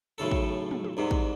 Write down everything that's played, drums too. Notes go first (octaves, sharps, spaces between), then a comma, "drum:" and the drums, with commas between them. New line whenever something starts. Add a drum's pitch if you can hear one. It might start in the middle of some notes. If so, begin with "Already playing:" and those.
B1 A2 C#3 A4
drum: kick
drum: tom
drum: tom
C2 G#2 C3
drum: kick